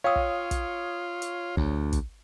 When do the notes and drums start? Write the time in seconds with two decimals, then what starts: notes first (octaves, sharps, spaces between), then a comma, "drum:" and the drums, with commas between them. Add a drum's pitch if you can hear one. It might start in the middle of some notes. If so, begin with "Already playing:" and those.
0.04 F4 C#5 F5 G5 D#6 E6
0.16 drum: kick
0.51 drum: kick, hi-hat
1.22 drum: hi-hat
1.57 D2, drum: kick
1.93 drum: kick, hi-hat